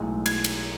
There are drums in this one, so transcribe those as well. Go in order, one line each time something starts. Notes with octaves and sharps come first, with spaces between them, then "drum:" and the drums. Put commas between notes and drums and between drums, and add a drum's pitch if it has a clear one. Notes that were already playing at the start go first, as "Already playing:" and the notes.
Already playing: B1 A2 G#3
G#6, drum: cymbal
drum: cymbal